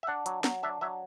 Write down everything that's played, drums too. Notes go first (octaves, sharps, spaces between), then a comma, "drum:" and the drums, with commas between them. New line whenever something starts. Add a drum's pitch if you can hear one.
E5
D4 F#5
F#3, drum: hi-hat
F#3, drum: snare
D4 E5
F#3 E5